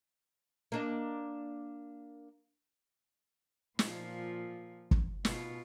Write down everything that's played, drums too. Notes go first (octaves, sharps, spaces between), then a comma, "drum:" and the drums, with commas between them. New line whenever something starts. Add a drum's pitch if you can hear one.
A#3 D4 D#5
A#2 F3, drum: snare
drum: kick
B2 F4, drum: snare